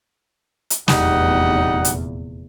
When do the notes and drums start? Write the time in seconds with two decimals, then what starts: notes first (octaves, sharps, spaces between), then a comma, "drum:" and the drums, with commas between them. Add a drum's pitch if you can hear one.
0.70 drum: hi-hat
0.88 F1 E2 A#2 G3 D#4 F#5, drum: snare
1.85 drum: hi-hat